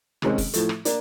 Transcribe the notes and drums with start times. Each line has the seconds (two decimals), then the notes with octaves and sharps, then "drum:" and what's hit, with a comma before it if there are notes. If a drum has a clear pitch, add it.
0.22 C3 D#3 G#3 C#4, drum: rim click
0.38 drum: kick, open hi-hat
0.54 A2 F3 A3, drum: hi-hat
0.69 drum: rim click
0.85 A#3 D4, drum: hi-hat